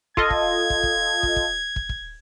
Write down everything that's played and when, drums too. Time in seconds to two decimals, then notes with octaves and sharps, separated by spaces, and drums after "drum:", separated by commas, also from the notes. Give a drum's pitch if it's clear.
0.17 F4 A4 D#5 G#6, drum: kick
0.30 drum: kick
0.70 drum: kick
0.83 drum: kick
1.23 drum: kick
1.36 drum: kick
1.76 drum: kick
1.89 drum: kick